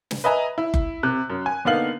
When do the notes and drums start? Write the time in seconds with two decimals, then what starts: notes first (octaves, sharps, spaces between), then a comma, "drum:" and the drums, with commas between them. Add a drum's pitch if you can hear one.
0.11 drum: snare
0.24 B4 D#5 E5 G#5 A#5
0.58 E4
0.74 drum: kick F#1
1.03 C3 F#6
1.30 F#2
1.46 G#5
1.65 D3 A#3 B3 D#4 F5 F#7